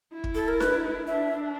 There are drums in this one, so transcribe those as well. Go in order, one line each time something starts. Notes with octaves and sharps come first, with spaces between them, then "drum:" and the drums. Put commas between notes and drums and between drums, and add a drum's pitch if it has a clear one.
E4
drum: kick
A4
A#4
B4, drum: snare D4
D4 E5